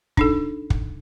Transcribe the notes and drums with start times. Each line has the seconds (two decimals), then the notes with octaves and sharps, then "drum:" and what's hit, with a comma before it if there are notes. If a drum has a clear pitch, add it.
0.17 D4 D#4 A4, drum: kick
0.70 drum: kick